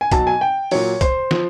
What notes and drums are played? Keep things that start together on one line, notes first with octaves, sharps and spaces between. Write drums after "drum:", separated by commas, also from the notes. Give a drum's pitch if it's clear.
G#5
B2 F#3 A5, drum: kick, hi-hat
G#5
G5
A#2 F#3 C#5, drum: open hi-hat
C5, drum: kick, hi-hat
F3, drum: snare